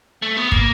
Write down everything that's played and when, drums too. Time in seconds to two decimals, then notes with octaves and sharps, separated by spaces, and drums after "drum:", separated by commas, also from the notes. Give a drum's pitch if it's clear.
0.22 A3
0.37 B3
0.52 A#3, drum: kick